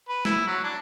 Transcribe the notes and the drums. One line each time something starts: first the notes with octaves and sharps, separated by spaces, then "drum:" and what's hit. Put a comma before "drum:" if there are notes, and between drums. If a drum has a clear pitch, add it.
B4
E4, drum: snare
F#3
D4